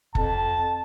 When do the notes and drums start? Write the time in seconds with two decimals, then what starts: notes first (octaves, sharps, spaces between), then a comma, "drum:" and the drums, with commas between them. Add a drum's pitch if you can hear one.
0.15 F2 A5, drum: kick F#1